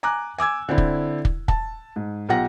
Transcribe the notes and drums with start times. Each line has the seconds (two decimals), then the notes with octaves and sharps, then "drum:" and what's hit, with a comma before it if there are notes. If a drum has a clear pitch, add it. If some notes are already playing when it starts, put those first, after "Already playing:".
0.03 G#5 A#5 D6 F#6
0.38 G#5 D6 E6 G#6
0.69 D3 C4 E4
0.78 drum: kick
1.25 drum: kick
1.48 A5, drum: kick
1.96 G#2
2.29 B1 F4 G4 F#5 A#6